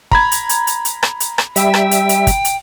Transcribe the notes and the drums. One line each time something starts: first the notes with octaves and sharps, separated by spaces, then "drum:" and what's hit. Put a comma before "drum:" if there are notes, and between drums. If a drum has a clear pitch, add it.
A#5 B5 G#6, drum: kick
drum: hi-hat
drum: hi-hat
drum: hi-hat
drum: hi-hat
drum: rim click
drum: hi-hat
drum: rim click
G3 E5 G5, drum: hi-hat
drum: rim click
drum: hi-hat
drum: hi-hat
drum: kick, hi-hat
drum: hi-hat